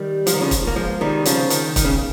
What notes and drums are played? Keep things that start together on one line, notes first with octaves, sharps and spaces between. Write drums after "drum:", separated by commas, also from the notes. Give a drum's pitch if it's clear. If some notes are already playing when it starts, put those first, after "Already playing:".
Already playing: D#3 G3
F3, drum: hi-hat
D#3
C#3 F3
drum: kick, hi-hat
A#3
F3 G#3
D#3 G3
C#3 F3, drum: hi-hat
D#3, drum: hi-hat
D#3, drum: kick, hi-hat
C#3